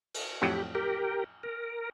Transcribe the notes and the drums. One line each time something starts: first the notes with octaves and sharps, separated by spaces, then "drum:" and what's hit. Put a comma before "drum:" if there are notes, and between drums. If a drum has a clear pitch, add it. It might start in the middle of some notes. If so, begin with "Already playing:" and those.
drum: cymbal
F2 A2 F#3 G4
G4 A#4
A#4